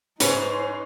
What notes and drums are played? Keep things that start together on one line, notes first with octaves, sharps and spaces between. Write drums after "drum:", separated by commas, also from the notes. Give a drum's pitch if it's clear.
G#2 C#4 D#4 B4 C5, drum: hi-hat